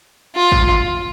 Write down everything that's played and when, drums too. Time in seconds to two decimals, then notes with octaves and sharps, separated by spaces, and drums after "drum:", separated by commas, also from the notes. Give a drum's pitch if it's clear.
0.36 F4
0.52 drum: kick